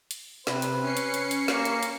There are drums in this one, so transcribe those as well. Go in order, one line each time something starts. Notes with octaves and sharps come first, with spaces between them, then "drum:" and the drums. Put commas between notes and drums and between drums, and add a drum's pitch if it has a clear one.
drum: hi-hat
C3 B4, drum: snare
drum: hi-hat
C#4 C7 C#7
drum: hi-hat
drum: hi-hat
drum: hi-hat
A#3, drum: snare
drum: hi-hat
drum: hi-hat